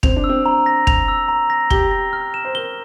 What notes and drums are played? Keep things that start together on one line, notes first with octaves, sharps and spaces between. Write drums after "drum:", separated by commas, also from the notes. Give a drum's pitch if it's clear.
C4 F7, drum: kick
D4
E6
C4
A#5
A#6
F7, drum: kick
E6
A#5
A#6
G4 G7, drum: kick
A#6
F6
E7
C5
A#4 G7